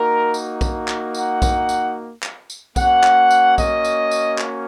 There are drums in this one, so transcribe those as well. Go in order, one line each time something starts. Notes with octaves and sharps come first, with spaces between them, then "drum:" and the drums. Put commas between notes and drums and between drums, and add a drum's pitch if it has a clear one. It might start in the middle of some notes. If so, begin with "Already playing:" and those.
Already playing: A#3 D#4 F#4 A#4
drum: tambourine
drum: kick B1, tambourine
drum: clap
F#5, drum: tambourine
drum: kick B1, tambourine
drum: tambourine
drum: clap
drum: tambourine
A#3 C#4 F#4 F#5, drum: kick B1, tambourine
drum: clap
drum: tambourine
D#5, drum: kick B1, tambourine
drum: tambourine
drum: tambourine
drum: clap